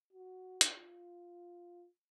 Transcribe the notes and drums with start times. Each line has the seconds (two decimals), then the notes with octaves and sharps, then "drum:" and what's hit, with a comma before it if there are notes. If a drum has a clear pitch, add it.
0.13 F#4
0.61 drum: hi-hat
0.75 F4